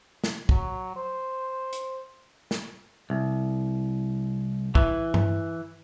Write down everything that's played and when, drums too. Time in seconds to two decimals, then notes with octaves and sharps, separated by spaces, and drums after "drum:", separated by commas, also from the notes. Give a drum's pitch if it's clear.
0.24 drum: snare
0.49 F#3, drum: kick
0.96 C5
1.73 drum: hi-hat
2.51 drum: snare
3.10 C2
4.75 E3, drum: kick
5.14 drum: tom G2